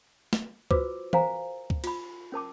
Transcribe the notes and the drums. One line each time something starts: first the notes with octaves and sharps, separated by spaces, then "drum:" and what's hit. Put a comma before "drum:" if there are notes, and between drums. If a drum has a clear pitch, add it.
drum: snare
F4 F#4 B4 C5 D6 E6, drum: kick C#2
A#4 C5 F5 G#5 A#5, drum: tom E3
drum: kick C#2
F4 B5, drum: cymbal
C#4 A#4 A5 D6